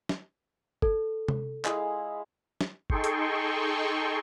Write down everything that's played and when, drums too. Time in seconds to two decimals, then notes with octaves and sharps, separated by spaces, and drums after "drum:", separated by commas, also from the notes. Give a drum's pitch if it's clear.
0.09 drum: snare
0.82 A4, drum: kick G1
1.28 drum: tom C3
1.65 G#3 E4 F5, drum: clap
2.61 drum: snare
2.90 D#4 G#4 A4 G5 C6 C#6, drum: kick G1
3.04 drum: hi-hat